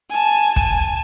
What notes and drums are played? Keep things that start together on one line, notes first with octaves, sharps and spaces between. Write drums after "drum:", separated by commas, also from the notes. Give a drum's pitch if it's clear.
G#5 A5
drum: kick